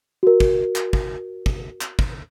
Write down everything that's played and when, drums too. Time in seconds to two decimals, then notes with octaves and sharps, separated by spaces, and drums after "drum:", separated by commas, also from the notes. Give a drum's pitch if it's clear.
0.23 F#4 A#4
0.40 drum: kick
0.76 drum: clap
0.93 drum: kick
1.46 drum: kick
1.81 drum: clap
1.99 drum: kick